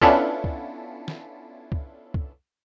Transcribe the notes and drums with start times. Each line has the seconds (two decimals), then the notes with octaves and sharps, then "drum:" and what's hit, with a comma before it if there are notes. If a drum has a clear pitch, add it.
0.01 B3 C#4 D4 E4 F4 A4, drum: kick
0.44 drum: kick
1.08 drum: snare
1.72 drum: kick
2.14 drum: kick